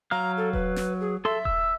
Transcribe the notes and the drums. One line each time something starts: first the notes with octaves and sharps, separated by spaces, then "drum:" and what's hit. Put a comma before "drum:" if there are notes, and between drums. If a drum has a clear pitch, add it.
F#3 F5 A#5 F6
A4
B4, drum: kick D#1
drum: snare
G#4
A4 E5 C6
E6, drum: kick D#1